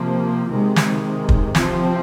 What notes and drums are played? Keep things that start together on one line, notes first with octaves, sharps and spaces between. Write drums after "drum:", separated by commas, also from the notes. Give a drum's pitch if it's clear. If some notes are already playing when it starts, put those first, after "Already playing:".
Already playing: C3 F3 A#3
C3 D#3 G#3
drum: snare
drum: kick
C3 F3 C4, drum: snare